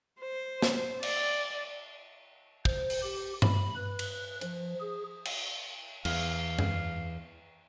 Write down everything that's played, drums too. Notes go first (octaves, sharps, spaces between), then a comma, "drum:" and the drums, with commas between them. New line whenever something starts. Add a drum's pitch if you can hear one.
C5
drum: snare
D5, drum: cymbal
C5, drum: kick
drum: open hi-hat
G4
B5, drum: tom G2
B4
drum: cymbal
F3, drum: hi-hat
G#4
drum: cymbal
E2 F5, drum: cymbal
drum: tom F#2